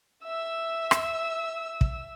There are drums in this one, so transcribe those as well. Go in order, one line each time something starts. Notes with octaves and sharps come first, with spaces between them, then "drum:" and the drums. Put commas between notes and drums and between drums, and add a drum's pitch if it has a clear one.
E5 E6
drum: rim click
drum: kick